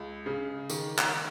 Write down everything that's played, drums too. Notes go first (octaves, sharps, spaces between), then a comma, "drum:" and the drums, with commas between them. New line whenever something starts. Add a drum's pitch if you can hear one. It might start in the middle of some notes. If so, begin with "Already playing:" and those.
Already playing: C#2
C#3
D#3, drum: tambourine
drum: clap
D#3